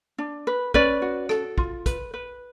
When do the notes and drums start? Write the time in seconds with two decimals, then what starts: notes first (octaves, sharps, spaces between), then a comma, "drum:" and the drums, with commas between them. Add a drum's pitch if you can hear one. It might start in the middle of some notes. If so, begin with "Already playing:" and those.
0.18 D4
0.47 B4
0.74 C#4 B4 D5, drum: kick
1.02 F#4
1.29 A4, drum: rim click
1.58 F4, drum: kick
1.86 B4, drum: kick, hi-hat
2.14 B4